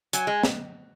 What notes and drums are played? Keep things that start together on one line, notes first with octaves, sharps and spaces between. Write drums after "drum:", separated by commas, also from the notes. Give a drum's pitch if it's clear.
F#3 G#5, drum: hi-hat
G#3
drum: snare